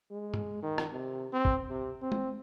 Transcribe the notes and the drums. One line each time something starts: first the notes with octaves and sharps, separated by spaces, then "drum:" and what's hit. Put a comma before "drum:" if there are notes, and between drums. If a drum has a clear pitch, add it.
G#3
drum: tom G2
D#3
drum: rim click
C3
C4
drum: kick
C3
C4
drum: tom